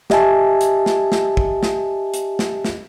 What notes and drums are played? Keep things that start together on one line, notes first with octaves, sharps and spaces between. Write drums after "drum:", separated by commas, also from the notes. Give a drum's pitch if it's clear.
G4 D#5 E5 G#5 A5, drum: snare
drum: hi-hat
drum: snare
drum: snare
drum: kick
drum: snare
drum: hi-hat
drum: snare
drum: snare